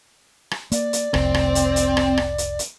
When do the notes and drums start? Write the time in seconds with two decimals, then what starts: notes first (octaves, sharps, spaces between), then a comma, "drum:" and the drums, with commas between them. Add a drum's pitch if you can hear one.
0.51 drum: rim click
0.72 A#3 D5, drum: hi-hat
0.93 drum: hi-hat
1.14 F1 C2 C4, drum: rim click
1.34 drum: rim click
1.55 drum: hi-hat
1.76 drum: hi-hat
1.97 drum: rim click
2.17 drum: rim click
2.38 drum: hi-hat
2.59 drum: hi-hat